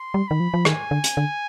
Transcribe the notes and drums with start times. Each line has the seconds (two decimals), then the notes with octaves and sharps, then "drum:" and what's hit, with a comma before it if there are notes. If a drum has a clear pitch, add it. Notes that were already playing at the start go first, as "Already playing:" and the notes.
Already playing: C6
0.14 G3
0.28 D#3 B5
0.40 F3
0.54 F3
0.65 D#3 G#5, drum: rim click
0.91 D3
1.04 drum: hi-hat
1.17 D3